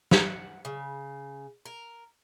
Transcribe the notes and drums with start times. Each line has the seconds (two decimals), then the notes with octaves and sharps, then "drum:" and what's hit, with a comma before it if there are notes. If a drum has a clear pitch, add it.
0.11 F#5, drum: snare
0.65 C#3
1.66 A#4